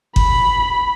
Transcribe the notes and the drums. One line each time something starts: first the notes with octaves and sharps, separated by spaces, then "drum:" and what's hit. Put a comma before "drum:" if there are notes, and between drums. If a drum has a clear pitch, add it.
B5, drum: kick G1